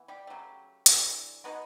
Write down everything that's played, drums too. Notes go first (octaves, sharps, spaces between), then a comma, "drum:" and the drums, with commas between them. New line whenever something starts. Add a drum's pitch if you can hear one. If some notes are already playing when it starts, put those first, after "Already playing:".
Already playing: E3 B3
G3 G4
C#3 F#3 A3
E3 A3 D4, drum: hi-hat
B2 G#3 B3 D#4 F#4